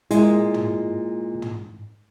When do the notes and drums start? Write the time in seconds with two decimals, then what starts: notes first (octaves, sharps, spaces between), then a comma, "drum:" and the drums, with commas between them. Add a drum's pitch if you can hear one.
0.11 A#2 G#3 E4, drum: hi-hat
0.54 drum: tom
1.42 drum: tom